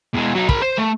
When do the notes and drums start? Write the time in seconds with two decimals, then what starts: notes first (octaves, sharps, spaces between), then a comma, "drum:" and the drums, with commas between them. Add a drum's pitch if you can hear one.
0.14 E2 G#3
0.35 F#3 D#4
0.49 A#4 B5, drum: kick
0.62 C5
0.78 A3